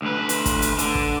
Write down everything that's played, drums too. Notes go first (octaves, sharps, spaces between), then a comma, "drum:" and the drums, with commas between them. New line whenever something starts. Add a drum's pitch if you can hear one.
D2 B4
drum: hi-hat
drum: kick, hi-hat
drum: hi-hat
D3, drum: hi-hat
drum: kick